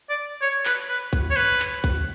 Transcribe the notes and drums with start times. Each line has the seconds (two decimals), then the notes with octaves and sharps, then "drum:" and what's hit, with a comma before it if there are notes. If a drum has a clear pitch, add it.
0.09 D5
0.42 C#5
0.65 B4, drum: clap
0.89 B4
1.13 drum: kick
1.30 C#5
1.36 B4
1.60 drum: clap
1.84 drum: kick